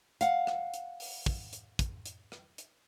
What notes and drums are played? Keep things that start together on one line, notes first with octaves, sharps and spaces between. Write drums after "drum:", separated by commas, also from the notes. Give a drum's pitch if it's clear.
F5 F#5, drum: hi-hat
drum: rim click
drum: hi-hat
drum: open hi-hat
drum: kick
drum: hi-hat
drum: kick, hi-hat
drum: hi-hat
drum: rim click
drum: hi-hat